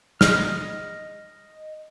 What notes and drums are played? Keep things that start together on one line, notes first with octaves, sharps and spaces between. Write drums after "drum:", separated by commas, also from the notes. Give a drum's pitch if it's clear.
D#5 F6, drum: snare